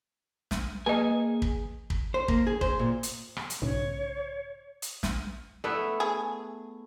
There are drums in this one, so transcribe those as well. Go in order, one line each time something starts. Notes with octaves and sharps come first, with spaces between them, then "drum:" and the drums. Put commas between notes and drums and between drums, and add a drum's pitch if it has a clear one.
drum: snare
A#3 G#4 B4 D#5 G#5
drum: kick
drum: kick
C5
A#3, drum: kick
G#4
C5, drum: kick
A#2
drum: hi-hat
drum: rim click
drum: hi-hat
B1 G#2 C#3 C#5
drum: hi-hat
drum: snare
A3 B3 E4
G#4